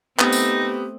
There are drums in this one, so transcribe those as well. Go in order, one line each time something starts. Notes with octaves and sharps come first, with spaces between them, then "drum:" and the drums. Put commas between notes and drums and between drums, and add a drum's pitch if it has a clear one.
A3 B3 C4 D#4 G4, drum: clap
drum: tambourine